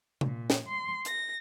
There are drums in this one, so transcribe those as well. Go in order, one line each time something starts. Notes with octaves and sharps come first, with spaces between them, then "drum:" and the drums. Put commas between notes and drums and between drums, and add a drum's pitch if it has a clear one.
A#2, drum: tom C3
drum: snare
C6
A#6, drum: hi-hat